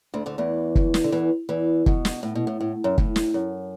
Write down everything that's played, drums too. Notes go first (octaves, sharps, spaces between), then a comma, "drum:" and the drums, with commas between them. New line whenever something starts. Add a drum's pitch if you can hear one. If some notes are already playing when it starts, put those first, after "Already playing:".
D2 D3
D2 D3
E2 E3
drum: kick
drum: snare
D3
E2 E3
E2 E3
B2, drum: kick
drum: snare
A2
B2
A2
A2
F#2
A2, drum: kick
drum: snare
F#2